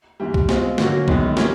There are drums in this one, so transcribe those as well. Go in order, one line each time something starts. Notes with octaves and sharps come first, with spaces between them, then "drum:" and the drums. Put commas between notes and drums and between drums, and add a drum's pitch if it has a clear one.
G#2 E3 G3
drum: kick C2
B2 G#3 C4 F4, drum: snare
D3 F#3 A#3 C#4 F#4, drum: snare
F#2 D#3 G#3 B3, drum: kick C2
D#3 G3 A#3 C#4, drum: snare